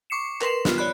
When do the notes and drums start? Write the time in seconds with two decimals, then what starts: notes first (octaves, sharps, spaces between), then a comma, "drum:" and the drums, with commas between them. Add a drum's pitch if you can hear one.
0.10 C#6 D6 C7 C#7 E7
0.41 A#4 B4 C6 C7 E7, drum: clap
0.65 B3 F4, drum: snare
0.78 C#5 D5 B5 F#6